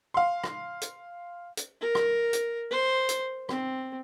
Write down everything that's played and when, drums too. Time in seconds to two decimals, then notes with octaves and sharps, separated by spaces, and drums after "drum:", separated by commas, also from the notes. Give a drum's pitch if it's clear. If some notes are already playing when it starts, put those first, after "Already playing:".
0.14 F5 C6
0.44 drum: rim click
0.81 drum: hi-hat
1.57 drum: hi-hat
1.81 A#4
1.95 drum: rim click
2.33 drum: hi-hat
2.71 C5
3.09 drum: hi-hat
3.49 C4, drum: rim click